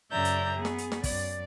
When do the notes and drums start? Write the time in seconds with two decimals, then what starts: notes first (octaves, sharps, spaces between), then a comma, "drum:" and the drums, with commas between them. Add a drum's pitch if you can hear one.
0.11 F#2 C#3 D5 E5 A#5 G6
0.25 drum: hi-hat
0.55 B3 G#4
0.65 drum: snare
0.78 drum: hi-hat
0.92 drum: snare
1.04 F#2 D5, drum: kick, open hi-hat